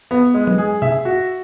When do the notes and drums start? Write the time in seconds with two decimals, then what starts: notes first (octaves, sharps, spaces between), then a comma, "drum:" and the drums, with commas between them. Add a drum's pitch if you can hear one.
0.11 B3
0.34 G#3
0.47 drum: tom
0.58 G#4
0.82 E5, drum: tom
1.05 F#4